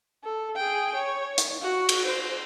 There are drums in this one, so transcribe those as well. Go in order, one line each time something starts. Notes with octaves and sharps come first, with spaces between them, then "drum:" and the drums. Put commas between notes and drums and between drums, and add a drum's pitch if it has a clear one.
A4
G#4 G5
C#5
drum: hi-hat
F#4
drum: cymbal
C5